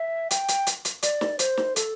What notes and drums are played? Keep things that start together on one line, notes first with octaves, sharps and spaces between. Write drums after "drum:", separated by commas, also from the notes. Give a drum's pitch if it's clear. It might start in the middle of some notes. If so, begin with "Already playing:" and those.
Already playing: E5
G5, drum: hi-hat
drum: hi-hat
drum: hi-hat
drum: hi-hat
D5, drum: hi-hat
drum: snare
C5, drum: hi-hat
drum: snare
A4, drum: hi-hat